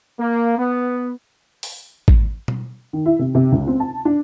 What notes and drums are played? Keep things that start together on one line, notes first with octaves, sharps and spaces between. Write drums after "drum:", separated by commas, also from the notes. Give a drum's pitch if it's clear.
A#3
B3
drum: open hi-hat
drum: kick G#1
drum: tom B2
D#3
E4
C3
C3
C#2
C4
A5
D4